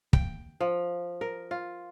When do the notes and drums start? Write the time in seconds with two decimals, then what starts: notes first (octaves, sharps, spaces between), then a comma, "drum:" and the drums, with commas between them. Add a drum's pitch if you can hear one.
0.13 G5, drum: kick
0.60 F3
1.21 A#4
1.51 F4